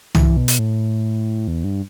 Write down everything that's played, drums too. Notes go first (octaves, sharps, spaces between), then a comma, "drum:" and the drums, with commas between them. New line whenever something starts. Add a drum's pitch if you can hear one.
E3, drum: tom
B2
drum: hi-hat
A2
E2
G2